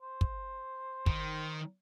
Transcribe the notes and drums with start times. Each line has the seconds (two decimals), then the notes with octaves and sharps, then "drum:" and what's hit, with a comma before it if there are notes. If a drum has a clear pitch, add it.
0.02 C5
0.21 drum: kick
1.06 D#3, drum: kick